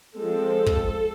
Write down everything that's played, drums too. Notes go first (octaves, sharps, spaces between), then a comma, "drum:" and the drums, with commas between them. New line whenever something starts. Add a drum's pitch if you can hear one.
F3 G#3 C4 A4
drum: kick